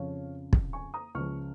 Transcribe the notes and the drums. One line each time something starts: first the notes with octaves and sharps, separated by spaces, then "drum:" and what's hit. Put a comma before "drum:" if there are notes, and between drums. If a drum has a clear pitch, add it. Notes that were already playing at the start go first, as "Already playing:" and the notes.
Already playing: F2 C#3 F3 C#5 F5
drum: kick
G#5 C#6
A#5 D#6
C#2 C#3 F3 C#6 F6